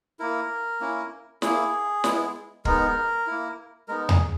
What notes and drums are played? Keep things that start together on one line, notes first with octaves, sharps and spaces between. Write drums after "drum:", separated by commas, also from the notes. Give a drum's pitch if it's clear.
A#3 E4 A#4
A#3 C#4 E4
A#3 E4 G#4, drum: snare
G#3 B3 E4, drum: snare
G#3 B3 D#4 A#4, drum: kick
A#3 E4
G#3 B3 D#4 A#4
G#4, drum: tom E2